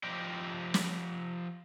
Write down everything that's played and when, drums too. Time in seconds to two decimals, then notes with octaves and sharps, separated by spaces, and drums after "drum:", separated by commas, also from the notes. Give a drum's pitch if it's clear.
0.03 F3 F4 G4 D5 D#5 G5
0.74 drum: snare